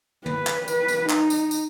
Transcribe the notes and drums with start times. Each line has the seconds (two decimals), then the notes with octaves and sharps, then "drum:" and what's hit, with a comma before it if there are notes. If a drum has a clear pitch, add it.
0.26 B4, drum: tom
0.47 drum: clap
0.68 B4, drum: tambourine
0.88 drum: tambourine
1.09 D#4, drum: clap
1.30 drum: tambourine
1.51 drum: tambourine